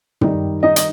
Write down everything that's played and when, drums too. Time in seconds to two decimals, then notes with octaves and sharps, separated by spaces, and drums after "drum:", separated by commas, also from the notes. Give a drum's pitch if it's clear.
0.21 D#3 G3 D#4, drum: tom
0.63 D#4 D#5
0.76 D#5, drum: hi-hat